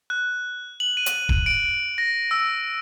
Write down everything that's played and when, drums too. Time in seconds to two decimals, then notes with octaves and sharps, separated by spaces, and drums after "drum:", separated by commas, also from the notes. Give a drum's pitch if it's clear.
0.10 F#6
0.80 F#7
0.97 D#7
1.06 drum: hi-hat
1.29 drum: kick D#1
1.46 D7
1.98 A#6
2.31 E6